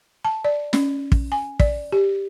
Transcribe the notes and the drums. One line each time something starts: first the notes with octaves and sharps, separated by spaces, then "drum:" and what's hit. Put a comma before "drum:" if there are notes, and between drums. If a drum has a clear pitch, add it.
A5
D5
C#4, drum: snare
drum: kick
G#5
D5, drum: kick
G4